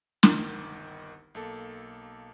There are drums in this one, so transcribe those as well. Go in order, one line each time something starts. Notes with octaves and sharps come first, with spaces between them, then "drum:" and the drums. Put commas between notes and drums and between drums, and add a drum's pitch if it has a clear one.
G1 C2 D#3 D6, drum: snare
B1 A#3 A4